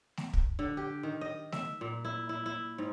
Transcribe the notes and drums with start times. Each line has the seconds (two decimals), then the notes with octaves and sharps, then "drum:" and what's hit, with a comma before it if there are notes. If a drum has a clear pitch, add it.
0.17 drum: snare A3
0.33 drum: kick
0.59 D3
0.77 G4
1.03 D#3
1.21 D#5
1.52 E5, drum: snare A3
1.81 A#2
2.05 E4
2.29 E4
2.46 E4
2.78 G#2